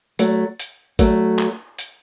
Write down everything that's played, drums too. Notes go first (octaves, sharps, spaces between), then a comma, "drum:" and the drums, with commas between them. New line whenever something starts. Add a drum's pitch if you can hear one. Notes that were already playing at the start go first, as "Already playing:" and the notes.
F#3 A3, drum: hi-hat
drum: hi-hat
F#3 A3, drum: kick A1, hi-hat
drum: clap
drum: hi-hat